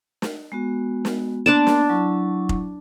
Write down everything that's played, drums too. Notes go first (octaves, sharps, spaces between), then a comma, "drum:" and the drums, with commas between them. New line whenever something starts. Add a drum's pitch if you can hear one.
drum: snare
G#3 B3 F#4
drum: snare
A#3 B3 D4 D5 A5 C6
drum: snare
F#3 E4 C#6
drum: kick F1